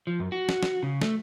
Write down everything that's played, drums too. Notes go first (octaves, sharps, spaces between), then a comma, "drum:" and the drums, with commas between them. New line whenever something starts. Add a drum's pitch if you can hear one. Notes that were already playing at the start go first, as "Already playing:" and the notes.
F3
F#2
F#4
drum: snare
drum: snare
C#3
A3, drum: snare